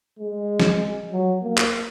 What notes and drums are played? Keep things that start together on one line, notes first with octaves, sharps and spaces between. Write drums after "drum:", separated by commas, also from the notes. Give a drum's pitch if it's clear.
G#3
drum: snare
F#3
A#3
drum: clap